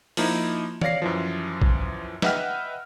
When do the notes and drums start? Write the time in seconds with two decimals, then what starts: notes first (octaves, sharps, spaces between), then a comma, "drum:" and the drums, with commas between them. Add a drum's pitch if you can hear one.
0.17 F3 A#3 D#4 E4, drum: open hi-hat
0.81 C#5 D5 F5 A#6 C7, drum: tom E3
1.02 F#2 E3 F3
1.62 drum: kick
2.22 B4 D#5 E5 F#5 G5 F6, drum: snare